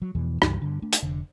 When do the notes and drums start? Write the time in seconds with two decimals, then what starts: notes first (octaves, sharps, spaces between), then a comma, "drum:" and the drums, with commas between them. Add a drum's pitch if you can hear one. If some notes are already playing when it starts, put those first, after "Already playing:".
0.02 F#3
0.15 E2 B2 E3 F3
0.42 C#2 G2 E3, drum: rim click
0.62 G2 D3
0.82 A3 D4
0.93 drum: hi-hat
1.02 F1 D3